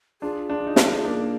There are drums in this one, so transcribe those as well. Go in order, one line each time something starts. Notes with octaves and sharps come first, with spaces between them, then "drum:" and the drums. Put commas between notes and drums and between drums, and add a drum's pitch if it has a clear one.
D4 F4 G#4
D4 F4
D#4
D4 F4, drum: snare
A#3 D4